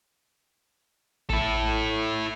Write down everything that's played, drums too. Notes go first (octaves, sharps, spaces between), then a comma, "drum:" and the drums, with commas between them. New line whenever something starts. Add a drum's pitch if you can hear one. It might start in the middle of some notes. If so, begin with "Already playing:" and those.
E4 A4, drum: kick A1